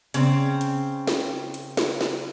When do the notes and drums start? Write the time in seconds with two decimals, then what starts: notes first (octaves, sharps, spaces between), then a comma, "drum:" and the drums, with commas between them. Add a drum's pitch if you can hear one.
0.14 C#3 C4, drum: hi-hat
0.61 drum: hi-hat
1.07 drum: snare
1.54 drum: hi-hat
1.77 drum: snare
2.01 drum: snare